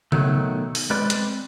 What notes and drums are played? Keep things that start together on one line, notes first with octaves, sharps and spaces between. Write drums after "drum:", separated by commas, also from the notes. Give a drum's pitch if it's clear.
B2 D#3 F#3 A3, drum: tom C#3
drum: open hi-hat
G#3 C4 B4 D5
drum: hi-hat